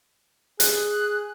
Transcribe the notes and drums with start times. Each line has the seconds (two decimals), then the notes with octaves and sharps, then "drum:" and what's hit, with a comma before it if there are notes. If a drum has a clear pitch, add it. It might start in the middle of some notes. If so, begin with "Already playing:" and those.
0.60 G#4 F#6, drum: hi-hat